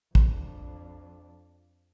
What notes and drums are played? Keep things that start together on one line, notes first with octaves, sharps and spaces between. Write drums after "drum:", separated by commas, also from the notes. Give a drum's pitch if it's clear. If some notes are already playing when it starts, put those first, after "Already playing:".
F2 D4, drum: kick